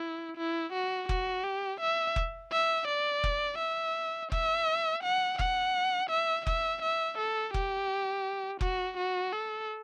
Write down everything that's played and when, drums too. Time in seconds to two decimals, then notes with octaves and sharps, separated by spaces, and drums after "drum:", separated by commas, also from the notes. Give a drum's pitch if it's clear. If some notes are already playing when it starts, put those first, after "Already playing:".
Already playing: E4
0.37 E4
0.73 F#4
1.09 F#4, drum: kick F1
1.44 G4
1.81 E5
2.16 drum: kick F1
2.52 E5
2.88 D5
3.24 drum: kick F1
3.59 E5
4.32 E5, drum: kick F1
5.03 F#5
5.39 F#5, drum: kick F1
6.10 E5
6.47 E5, drum: kick F1
6.82 E5
7.18 A4
7.54 G4, drum: kick F1
8.61 F#4, drum: kick F1
8.98 F#4
9.33 A4